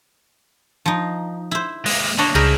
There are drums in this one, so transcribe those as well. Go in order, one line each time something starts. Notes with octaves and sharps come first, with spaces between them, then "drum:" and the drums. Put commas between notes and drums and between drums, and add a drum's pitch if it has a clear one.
F3 D#4
E4 C5
G#3 A#3, drum: open hi-hat
D3 A#3 D4 C#5 D#5
C#2 C4 E4 G#4 A#4 G5